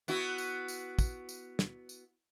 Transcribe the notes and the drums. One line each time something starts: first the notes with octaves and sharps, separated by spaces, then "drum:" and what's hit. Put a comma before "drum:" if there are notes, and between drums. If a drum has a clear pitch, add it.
B3 E4 F#4, drum: tambourine
drum: tambourine
drum: tambourine
drum: kick, tambourine
drum: tambourine
drum: snare
drum: tambourine